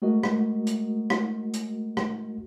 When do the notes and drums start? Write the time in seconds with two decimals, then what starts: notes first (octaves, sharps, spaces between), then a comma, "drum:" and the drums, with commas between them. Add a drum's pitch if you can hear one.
0.02 G#3 A3 F#4 A#4 D#5
0.23 drum: rim click
0.67 drum: hi-hat
1.10 drum: rim click
1.54 drum: hi-hat
1.97 drum: rim click